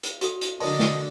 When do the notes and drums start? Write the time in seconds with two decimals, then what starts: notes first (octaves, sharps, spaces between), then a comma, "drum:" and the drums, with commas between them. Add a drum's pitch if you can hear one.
0.03 drum: hi-hat
0.21 F#4 A4, drum: hi-hat
0.41 drum: hi-hat
0.60 D3 F#4 A#4 D5 D#5 A5 C6, drum: open hi-hat
0.79 drum: snare